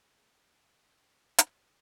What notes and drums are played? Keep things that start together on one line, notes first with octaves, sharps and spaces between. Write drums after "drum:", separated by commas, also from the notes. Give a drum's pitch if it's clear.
A#3 G#4
drum: hi-hat
B3 C#4